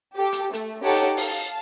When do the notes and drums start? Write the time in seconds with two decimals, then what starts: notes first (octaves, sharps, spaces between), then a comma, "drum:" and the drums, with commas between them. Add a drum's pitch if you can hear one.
0.16 G4 A4
0.32 drum: hi-hat
0.53 A3, drum: hi-hat
0.83 D#4 G4 A4 C#5 F#5 A5
0.95 drum: hi-hat
1.17 F5 A5, drum: open hi-hat